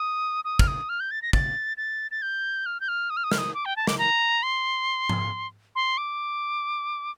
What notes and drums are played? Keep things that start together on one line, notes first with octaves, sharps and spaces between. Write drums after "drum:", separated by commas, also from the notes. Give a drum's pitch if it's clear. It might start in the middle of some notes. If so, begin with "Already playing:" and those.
Already playing: D#6
D#6
F6, drum: kick
D#6
F6
G6
A6
A#6
A6, drum: kick
A6
A6
G6
F6
G6
F6
D#6
F6
D#6
F6, drum: snare
D#6
D6
G5
A5
D6, drum: snare
A#5
C6
drum: tom G#2
C6
D6